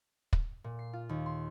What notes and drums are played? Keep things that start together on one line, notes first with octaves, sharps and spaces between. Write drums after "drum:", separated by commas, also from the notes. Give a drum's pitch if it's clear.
drum: kick
A#2
C7
F4
D#2
C6